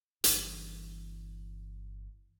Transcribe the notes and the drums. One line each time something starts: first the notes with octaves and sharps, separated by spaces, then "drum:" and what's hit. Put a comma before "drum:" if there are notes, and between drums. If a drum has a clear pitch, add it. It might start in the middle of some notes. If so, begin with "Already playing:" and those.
G1 E3, drum: hi-hat